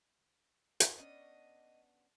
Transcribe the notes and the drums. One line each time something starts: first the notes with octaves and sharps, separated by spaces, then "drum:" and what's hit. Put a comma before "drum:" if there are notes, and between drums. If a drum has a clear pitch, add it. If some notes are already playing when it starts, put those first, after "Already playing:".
drum: hi-hat
B3 C#4 D4 D#5